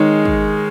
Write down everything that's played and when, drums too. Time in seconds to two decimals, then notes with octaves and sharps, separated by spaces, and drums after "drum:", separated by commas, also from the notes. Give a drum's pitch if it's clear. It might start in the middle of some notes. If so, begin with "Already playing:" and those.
Already playing: D#3 G#3 D#4 G#4 C#5
0.25 drum: kick